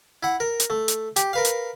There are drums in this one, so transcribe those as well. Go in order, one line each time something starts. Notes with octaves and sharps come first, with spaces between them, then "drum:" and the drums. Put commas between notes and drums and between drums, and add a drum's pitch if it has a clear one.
E4 F#5
A#4
drum: hi-hat
A3
drum: hi-hat
G4, drum: hi-hat
A#4 B4 F5
drum: hi-hat